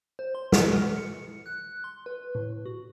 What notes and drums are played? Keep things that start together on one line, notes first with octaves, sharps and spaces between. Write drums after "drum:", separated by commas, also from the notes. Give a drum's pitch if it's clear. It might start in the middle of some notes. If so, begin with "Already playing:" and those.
C5
C6
B6, drum: snare
F6
C#7
F#6
C6
B4
A2
F#4